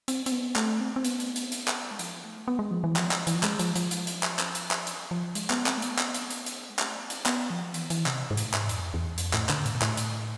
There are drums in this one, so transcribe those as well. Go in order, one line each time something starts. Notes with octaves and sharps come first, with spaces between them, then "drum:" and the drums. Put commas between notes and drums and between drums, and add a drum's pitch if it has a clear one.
C4, drum: hi-hat
C4, drum: hi-hat
B3
A3, drum: clap
C4
C4
B3, drum: hi-hat
drum: hi-hat
drum: hi-hat
drum: hi-hat
drum: clap
G#3
F3, drum: hi-hat
A3
B3
G#3
F3
E3
F3, drum: clap
drum: clap
E3, drum: hi-hat
F3
G#3, drum: clap
F3, drum: hi-hat
F3, drum: hi-hat
drum: hi-hat
drum: hi-hat
drum: clap
drum: clap
drum: hi-hat
drum: clap
drum: hi-hat
F3
G#3, drum: hi-hat
B3, drum: clap
C4, drum: clap
A3
B3, drum: hi-hat
drum: clap
drum: hi-hat
drum: hi-hat
drum: hi-hat
G#3
A3, drum: clap
B3
C4, drum: hi-hat
B3, drum: clap
F3
E3, drum: hi-hat
E3, drum: hi-hat
C3, drum: clap
G#2
A2, drum: hi-hat
G#2, drum: clap
F2, drum: hi-hat
E2
F2, drum: hi-hat
A2, drum: clap
D3, drum: clap
A2, drum: hi-hat
B2
A2, drum: clap
drum: hi-hat